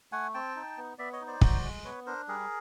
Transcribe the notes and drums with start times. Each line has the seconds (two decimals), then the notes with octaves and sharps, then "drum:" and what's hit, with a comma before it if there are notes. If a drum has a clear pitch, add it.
0.12 A3 F#5 G#5
0.34 C4 G5 A5
0.56 D#4
0.78 B3
0.98 B3 D5 E5
1.13 C#5 D#5
1.21 D#4
1.27 C5 D5
1.41 F#4, drum: kick
1.63 G#3
1.84 B3 B4 C#5
2.07 D4 A#4 C5
2.28 G3 G#4 A#4